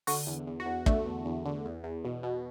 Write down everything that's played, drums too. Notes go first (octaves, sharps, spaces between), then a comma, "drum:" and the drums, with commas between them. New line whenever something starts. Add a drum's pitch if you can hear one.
D3 F#4, drum: open hi-hat
E2
E2
F#4
E2
D3 A3, drum: kick
E2
E2
D3
E2
E2
B2
B2